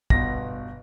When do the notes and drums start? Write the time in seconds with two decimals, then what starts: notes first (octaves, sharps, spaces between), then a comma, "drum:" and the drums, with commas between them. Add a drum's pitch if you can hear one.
0.10 G1 B2 A#6, drum: kick